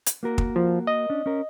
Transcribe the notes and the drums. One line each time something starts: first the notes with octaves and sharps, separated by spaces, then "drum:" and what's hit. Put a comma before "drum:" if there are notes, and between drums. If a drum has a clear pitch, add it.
drum: hi-hat
A#3 F#4 A#4
drum: kick
F3
D#5
C#4 D4
C#4 A#4